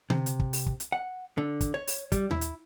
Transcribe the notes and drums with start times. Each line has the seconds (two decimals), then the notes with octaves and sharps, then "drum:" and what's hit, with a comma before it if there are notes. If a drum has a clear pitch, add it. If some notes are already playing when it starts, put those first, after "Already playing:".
0.10 C3, drum: tom D3
0.26 drum: hi-hat
0.40 drum: kick
0.53 drum: open hi-hat
0.66 drum: kick
0.80 drum: hi-hat
0.92 F#5
1.38 D3
1.61 drum: kick, hi-hat
1.74 C#5
1.87 drum: open hi-hat
2.12 G3, drum: kick, hi-hat
2.31 E4, drum: tom D#2
2.41 drum: hi-hat